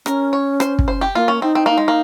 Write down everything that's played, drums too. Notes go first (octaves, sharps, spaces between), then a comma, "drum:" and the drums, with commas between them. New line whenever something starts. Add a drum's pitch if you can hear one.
C#4 A#4, drum: rim click
C#5
C5, drum: rim click
drum: kick
C5
G4
A#3 F4
C#4
C4 D#4
C4
A#3 D#4
G#3
A#3